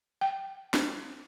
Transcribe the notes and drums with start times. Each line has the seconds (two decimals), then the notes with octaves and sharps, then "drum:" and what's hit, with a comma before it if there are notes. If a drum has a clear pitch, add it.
0.21 G5
0.74 drum: snare